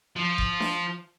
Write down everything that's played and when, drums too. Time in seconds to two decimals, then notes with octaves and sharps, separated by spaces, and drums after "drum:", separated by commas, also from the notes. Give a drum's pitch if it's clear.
0.16 F3
0.38 drum: kick F1
0.60 drum: snare D4